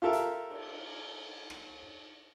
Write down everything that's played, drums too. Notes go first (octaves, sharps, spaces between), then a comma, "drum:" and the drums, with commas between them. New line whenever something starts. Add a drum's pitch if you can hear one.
F4 G4 A4 A#4 E5
drum: hi-hat
drum: cymbal
drum: rim click